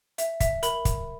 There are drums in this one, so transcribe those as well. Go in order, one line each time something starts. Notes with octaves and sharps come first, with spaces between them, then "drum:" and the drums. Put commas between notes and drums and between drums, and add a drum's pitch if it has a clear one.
E5, drum: hi-hat
E5, drum: kick, hi-hat
A#4 B5, drum: hi-hat
drum: kick, hi-hat